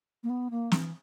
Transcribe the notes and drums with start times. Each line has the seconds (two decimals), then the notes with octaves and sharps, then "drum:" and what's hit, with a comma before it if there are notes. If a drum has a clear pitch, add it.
0.23 A#3
0.29 B3
0.50 A#3
0.71 E3, drum: snare